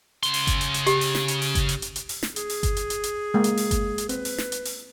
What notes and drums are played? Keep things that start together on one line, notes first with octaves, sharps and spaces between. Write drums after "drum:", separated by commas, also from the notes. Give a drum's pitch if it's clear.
C#3 C6, drum: hi-hat
drum: open hi-hat
drum: kick G1, hi-hat
drum: hi-hat
drum: hi-hat
G4, drum: hi-hat
drum: open hi-hat
drum: snare
drum: hi-hat
drum: open hi-hat
drum: kick G1, hi-hat
drum: hi-hat
drum: hi-hat
drum: hi-hat
drum: open hi-hat
drum: snare
G#4, drum: hi-hat
drum: open hi-hat
drum: kick G1, hi-hat
drum: hi-hat
drum: hi-hat
drum: hi-hat
G#3 A#3
drum: hi-hat
drum: open hi-hat
drum: kick G1, hi-hat
drum: hi-hat
C4 B4, drum: hi-hat
drum: open hi-hat
drum: snare
drum: hi-hat
drum: open hi-hat